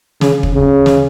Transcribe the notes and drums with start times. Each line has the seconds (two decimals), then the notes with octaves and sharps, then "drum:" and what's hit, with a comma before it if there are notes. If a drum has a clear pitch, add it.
0.21 C#3, drum: snare
0.43 drum: kick
0.53 C#3
0.86 drum: snare